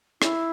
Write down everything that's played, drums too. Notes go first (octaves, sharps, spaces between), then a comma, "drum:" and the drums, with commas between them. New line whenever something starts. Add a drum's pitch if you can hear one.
E4, drum: rim click